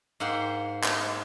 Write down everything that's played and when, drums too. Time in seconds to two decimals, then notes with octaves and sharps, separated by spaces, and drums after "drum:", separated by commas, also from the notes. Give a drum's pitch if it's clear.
0.20 G#2 A#3 F#5 G5 C6
0.84 drum: clap